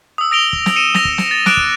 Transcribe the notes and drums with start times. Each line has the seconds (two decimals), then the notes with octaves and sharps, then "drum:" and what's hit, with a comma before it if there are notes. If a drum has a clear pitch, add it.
0.18 D#6 E6
0.31 D#6 A#6 D7 F7 G7
0.53 drum: kick
0.66 drum: snare
0.76 C#7 D#7 E7
0.94 E6 A#6 F7, drum: snare
1.05 drum: kick
1.18 drum: snare
1.31 A6
1.46 D6 F#6 D7 E7 F7, drum: snare
1.57 drum: kick